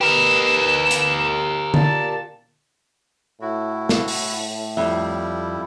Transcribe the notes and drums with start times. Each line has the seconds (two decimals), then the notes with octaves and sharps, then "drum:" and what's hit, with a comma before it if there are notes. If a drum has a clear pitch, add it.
0.01 G4 A#4 B4 E7
0.91 drum: hi-hat
1.74 A#2 A5, drum: tom D3
3.42 A2 E4 F#4
3.89 drum: snare
4.08 drum: open hi-hat
4.77 F2 G3 E4 E5